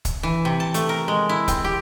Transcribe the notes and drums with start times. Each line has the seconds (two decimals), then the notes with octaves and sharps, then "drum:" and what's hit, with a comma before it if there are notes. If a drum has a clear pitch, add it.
0.05 drum: kick, hi-hat
0.23 E3
0.45 C3
0.60 A5
0.74 A3, drum: hi-hat
0.89 A#4
1.08 G#3
1.29 E4
1.48 C4, drum: kick, hi-hat
1.64 G4